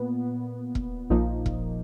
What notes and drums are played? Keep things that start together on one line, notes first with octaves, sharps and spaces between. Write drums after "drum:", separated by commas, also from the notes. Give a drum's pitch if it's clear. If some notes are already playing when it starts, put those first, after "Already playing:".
Already playing: A#2 B3
drum: kick E1
A#1 A#2 F3 A#3 D#4
drum: kick E1